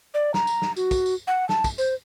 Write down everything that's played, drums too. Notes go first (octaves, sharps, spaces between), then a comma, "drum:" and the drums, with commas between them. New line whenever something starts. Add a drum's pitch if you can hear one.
D5
A#5, drum: snare
drum: tambourine
drum: snare
F#4, drum: tambourine
drum: kick, tambourine
drum: tambourine
F#5
A5, drum: snare
drum: kick, tambourine
C5, drum: tambourine